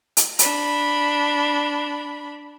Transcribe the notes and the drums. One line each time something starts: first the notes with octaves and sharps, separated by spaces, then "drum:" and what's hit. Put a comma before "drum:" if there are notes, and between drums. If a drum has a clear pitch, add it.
drum: hi-hat
D4 B5, drum: hi-hat